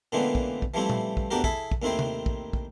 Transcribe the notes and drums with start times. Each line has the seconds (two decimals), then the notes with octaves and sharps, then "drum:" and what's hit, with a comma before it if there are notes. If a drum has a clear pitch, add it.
0.12 A#2 D3 E3 G#3 B3 C4
0.35 drum: kick
0.62 drum: kick
0.74 E3 F3 G3 A3 C4 E4
0.90 drum: tom A#2
1.17 drum: kick
1.31 E2 A2 D4 F#4 G4 A#4
1.44 E4 G#4 A4 B5, drum: kick
1.71 drum: kick
1.82 D#2 A2 D#3 C4 E4 C6
1.99 drum: tom C3
2.26 drum: kick
2.53 drum: kick